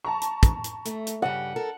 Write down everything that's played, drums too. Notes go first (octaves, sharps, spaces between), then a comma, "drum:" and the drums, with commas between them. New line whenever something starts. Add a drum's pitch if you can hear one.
A5 A#5 C#6
drum: hi-hat
drum: kick, hi-hat
drum: hi-hat
A3, drum: hi-hat
drum: hi-hat
G2 C#3 G4 F#5
A4 A#4